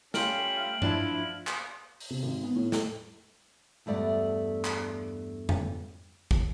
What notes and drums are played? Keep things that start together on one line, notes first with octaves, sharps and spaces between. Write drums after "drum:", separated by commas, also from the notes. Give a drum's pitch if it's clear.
G3 A3 C#4 F4 F6 D7 F#7, drum: snare
F3 D4 E4, drum: tom G2
drum: clap
drum: open hi-hat
C3
G#1
B3
A2
A4, drum: snare
E2 G2 A3 D5 F#5
drum: clap
drum: tom F2
drum: kick